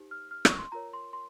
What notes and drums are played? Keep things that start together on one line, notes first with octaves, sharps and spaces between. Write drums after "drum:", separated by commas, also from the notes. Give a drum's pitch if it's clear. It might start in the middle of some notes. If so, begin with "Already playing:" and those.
Already playing: D#4 G4 C5
F6
F6
C#6, drum: rim click
C6
F4 A#4 C#5 A#5
C6
C6